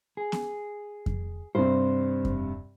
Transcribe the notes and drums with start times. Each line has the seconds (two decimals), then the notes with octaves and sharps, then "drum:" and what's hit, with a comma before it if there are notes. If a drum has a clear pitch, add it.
0.17 G#4
0.32 drum: snare B3
1.06 drum: kick F2
1.55 G2 C3 C5
2.25 drum: kick F2